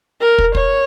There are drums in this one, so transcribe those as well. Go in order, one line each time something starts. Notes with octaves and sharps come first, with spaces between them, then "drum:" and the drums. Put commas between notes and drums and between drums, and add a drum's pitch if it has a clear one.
A#4
drum: kick
C#5, drum: kick